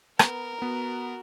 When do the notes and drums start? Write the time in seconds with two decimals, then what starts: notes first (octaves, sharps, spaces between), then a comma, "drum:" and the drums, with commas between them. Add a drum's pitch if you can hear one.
0.19 B3 A#4 A#5, drum: rim click
0.62 B3 F#4